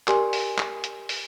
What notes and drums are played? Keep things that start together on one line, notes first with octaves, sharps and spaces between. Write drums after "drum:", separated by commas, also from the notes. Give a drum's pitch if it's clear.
G4 A#4 D5 G#5 C6, drum: clap
drum: open hi-hat
drum: clap
drum: hi-hat
drum: open hi-hat